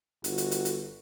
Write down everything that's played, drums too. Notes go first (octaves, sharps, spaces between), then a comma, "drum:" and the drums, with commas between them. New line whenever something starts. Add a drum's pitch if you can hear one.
G1 F#4, drum: hi-hat
drum: hi-hat
drum: hi-hat
drum: hi-hat